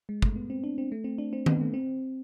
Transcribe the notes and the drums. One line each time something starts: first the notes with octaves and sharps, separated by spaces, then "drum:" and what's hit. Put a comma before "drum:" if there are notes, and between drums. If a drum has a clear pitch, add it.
G#3
A3, drum: kick
B3
C4
D4
C4
A3
C4
D4
C4
B3, drum: tom D#3
A3
C4